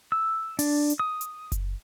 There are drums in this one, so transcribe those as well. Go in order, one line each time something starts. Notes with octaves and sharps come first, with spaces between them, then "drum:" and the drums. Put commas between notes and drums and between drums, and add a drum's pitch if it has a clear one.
E6
D4, drum: open hi-hat
drum: hi-hat
D#6
drum: hi-hat
drum: kick F#1, hi-hat